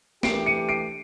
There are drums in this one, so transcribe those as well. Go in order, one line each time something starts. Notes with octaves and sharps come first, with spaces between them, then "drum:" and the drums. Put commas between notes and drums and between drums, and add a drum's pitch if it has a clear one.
E3 A3 D4 G4 C7 D7, drum: snare
C#7 D#7
C7 D7